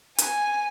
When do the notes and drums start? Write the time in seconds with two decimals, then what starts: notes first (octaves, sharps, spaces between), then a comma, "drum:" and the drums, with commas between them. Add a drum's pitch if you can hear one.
0.18 G#5, drum: hi-hat